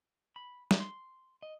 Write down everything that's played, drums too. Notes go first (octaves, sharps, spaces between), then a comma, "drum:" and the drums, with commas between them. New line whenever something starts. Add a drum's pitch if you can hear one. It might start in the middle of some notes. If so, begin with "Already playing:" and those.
B5
drum: snare G3
C6
D#5